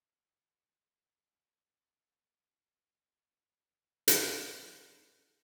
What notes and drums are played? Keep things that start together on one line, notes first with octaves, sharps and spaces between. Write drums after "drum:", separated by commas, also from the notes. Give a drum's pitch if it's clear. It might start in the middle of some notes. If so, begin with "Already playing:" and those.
C#7
A#5 B5 C#7
A4 A6
E2 B2 C#4 C#5 B5
drum: hi-hat